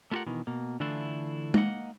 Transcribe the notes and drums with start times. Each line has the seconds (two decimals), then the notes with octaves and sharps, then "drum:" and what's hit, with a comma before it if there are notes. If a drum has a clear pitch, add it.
0.11 A3 B3 F4 G4 A#4 F#5
0.27 B2 D#3 E3
0.47 B2 A#3
0.80 D3 E3 A3 D4 E4 F4
1.54 A#3 D#5 F#5, drum: tom